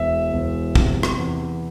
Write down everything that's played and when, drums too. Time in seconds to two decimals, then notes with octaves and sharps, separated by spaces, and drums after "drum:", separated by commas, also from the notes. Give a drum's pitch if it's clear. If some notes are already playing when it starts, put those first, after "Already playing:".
Already playing: E1 E5
0.33 E1
0.75 C3, drum: kick
1.03 drum: rim click
1.18 E2